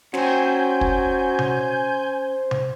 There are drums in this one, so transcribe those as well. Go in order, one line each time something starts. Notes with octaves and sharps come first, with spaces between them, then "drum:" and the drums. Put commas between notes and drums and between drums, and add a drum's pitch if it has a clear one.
F#3 C#4 C5 G5 G#5 G6, drum: snare
drum: kick
drum: tom C3
drum: tom C3